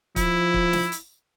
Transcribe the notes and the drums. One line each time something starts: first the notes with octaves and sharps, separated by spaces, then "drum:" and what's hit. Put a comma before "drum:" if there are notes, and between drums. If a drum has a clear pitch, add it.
F3 E4, drum: kick, hi-hat
drum: kick
drum: snare
drum: hi-hat